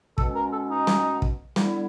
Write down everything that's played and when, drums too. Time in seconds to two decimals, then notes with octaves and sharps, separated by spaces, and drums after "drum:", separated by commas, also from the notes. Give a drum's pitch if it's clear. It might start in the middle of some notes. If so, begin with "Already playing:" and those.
0.18 B2 G#3 C#4 A4, drum: kick
0.36 A#4
0.52 A4
0.70 D#4
0.87 drum: snare
1.22 drum: kick
1.56 D3 G3 B3 E4, drum: snare